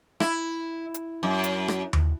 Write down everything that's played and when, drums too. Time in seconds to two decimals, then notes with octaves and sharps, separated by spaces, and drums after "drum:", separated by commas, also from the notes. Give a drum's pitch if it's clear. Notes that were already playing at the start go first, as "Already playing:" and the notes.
0.20 E4, drum: rim click
0.94 drum: hi-hat
1.23 F#2
1.44 drum: hi-hat
1.68 drum: rim click
1.93 drum: tom D#2